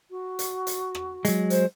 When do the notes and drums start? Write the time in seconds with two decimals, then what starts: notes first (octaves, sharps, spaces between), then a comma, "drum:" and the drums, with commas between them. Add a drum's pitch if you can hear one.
0.11 F#4
0.39 drum: hi-hat
0.67 drum: hi-hat
0.95 drum: rim click
1.25 F#3 G#3, drum: hi-hat
1.50 C5, drum: hi-hat